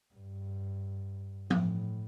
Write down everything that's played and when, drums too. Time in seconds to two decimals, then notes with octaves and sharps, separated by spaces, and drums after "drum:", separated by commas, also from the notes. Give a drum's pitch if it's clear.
0.14 G2
1.50 A2, drum: tom F3